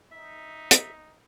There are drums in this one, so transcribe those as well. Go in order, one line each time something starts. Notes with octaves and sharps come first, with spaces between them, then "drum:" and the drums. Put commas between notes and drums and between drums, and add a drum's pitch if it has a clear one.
D#4 E5
drum: hi-hat